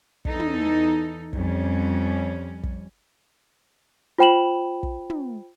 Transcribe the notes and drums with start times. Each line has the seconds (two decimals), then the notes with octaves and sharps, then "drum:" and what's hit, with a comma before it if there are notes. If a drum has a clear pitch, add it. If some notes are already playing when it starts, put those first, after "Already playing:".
0.25 E2 E3 D#4 A4, drum: kick
0.40 drum: tom
1.33 F2 G3 C#4, drum: kick
2.63 drum: kick
4.18 F4 C5 G5 B5 E7 F#7
4.83 drum: kick
5.10 drum: tom